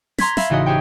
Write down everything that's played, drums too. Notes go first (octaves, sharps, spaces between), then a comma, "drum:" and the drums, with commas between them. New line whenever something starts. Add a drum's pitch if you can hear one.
A#5 C6 G#6 B6, drum: snare
E5 F5 B5 C6, drum: snare
A1 C#3 D#4 F#4 D#5
G4 G#4 C5 C#5 G5